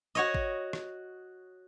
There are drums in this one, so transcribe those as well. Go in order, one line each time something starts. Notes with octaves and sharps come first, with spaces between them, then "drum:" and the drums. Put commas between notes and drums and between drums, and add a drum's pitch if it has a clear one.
F#4 C#5 D#5
drum: kick
drum: rim click